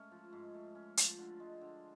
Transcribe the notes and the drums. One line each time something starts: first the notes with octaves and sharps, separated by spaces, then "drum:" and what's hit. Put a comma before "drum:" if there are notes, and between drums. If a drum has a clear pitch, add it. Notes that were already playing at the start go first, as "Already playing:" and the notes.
Already playing: G#2 A3 C#4
F3
G#2
A3
C#4
F3, drum: hi-hat
D3
G#3
D3